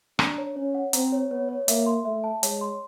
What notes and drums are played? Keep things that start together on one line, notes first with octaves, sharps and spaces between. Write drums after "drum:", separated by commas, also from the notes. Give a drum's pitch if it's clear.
D4 A#5, drum: rim click
C#5
C#4 C#5
F#5
C4 A#5, drum: hi-hat
C#5
B3 C#5
C#5
A#3 E5, drum: hi-hat
C6
A3 E5
A5
G#3 C#5, drum: hi-hat
C6